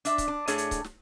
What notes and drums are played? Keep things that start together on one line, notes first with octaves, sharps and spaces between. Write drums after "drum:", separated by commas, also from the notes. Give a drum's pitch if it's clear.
D4 E5, drum: hi-hat
drum: kick C#1, hi-hat
D4
A2 A3 D4 G#4 C#5, drum: hi-hat
drum: hi-hat
drum: kick C#1, hi-hat
drum: snare